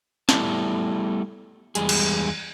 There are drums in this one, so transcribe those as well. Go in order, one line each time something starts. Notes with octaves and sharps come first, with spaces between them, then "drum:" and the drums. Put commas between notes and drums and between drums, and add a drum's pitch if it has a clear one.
G3 A3 B3 E4 D5 A5, drum: snare
E2 G3 G#3 G#4, drum: hi-hat
drum: cymbal